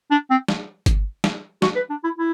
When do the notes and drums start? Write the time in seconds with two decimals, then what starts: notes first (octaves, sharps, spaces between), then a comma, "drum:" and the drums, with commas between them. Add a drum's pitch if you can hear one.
0.11 D4
0.30 C4
0.48 drum: snare
0.86 drum: kick G1, hi-hat
1.24 drum: snare
1.62 F#4, drum: snare
1.76 B4
1.90 D4
2.04 E4
2.18 E4